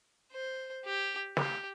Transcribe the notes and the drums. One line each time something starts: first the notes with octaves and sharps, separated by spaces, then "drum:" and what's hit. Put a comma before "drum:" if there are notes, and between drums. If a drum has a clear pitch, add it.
C5
G4
G4, drum: snare